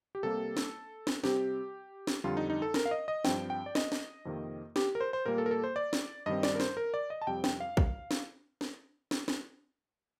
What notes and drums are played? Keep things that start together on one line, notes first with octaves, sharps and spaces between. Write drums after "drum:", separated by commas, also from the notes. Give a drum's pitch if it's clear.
G4
C3 G3 A#3 A4
drum: snare
drum: snare
C3 G3 C4 G4, drum: snare
drum: snare
F2 D3 G3 F4
D#4
D#4
A4
A#4, drum: snare
F5
D#5
D#5
G2 F3 C4 G5, drum: snare
G5
D5
D#5, drum: snare
drum: snare
F2 C3 D#3 A#3
G4, drum: snare
A#4
C5
C5
A#2 G3 A#3 A#4
A4
A#4
A4
C5
D5
drum: snare
G2 D#3 G3 C4 D#5
D5, drum: snare
A#4
C5, drum: snare
A#4
D5
D#5
A5
F2 C3 G3 G5
G5, drum: snare
F5
drum: kick
drum: snare
drum: snare
drum: snare
drum: snare